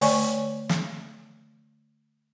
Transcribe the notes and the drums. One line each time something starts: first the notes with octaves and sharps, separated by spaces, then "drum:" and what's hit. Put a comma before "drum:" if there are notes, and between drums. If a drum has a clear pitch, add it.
D3 A3 C#5 D5 G#5 C#6, drum: open hi-hat
drum: snare